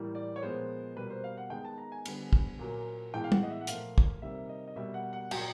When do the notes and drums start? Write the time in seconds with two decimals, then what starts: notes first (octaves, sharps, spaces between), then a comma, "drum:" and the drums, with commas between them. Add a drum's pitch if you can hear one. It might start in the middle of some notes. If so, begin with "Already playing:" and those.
Already playing: A2 E3 G3 A#3
0.15 D5
0.36 C#5
0.42 A#2 F3 G#3 B3 C5
0.96 B2 G3 A#3 B4
1.10 C5
1.24 F5
1.37 F#5
1.50 D#3 G#3 B3 G5
1.65 A5
1.78 A#5
1.92 G#5
2.05 D3 G3 B3, drum: cymbal
2.33 drum: kick
2.59 A#2 F#3 A#3
3.14 A2 E3 G#3 B3 G5
3.24 F5
3.32 F#5, drum: tom
3.43 D#5
3.50 E5
3.61 F#5
3.67 A#2 F3 A3 F5, drum: hi-hat
3.98 drum: kick
4.22 C3 D#3 G3 A#3 E5
4.49 D#5
4.67 D#5
4.76 B2 G3 A#3 E5
4.94 F#5
5.13 F#5
5.31 A#2 F#3 A#3 G5, drum: cymbal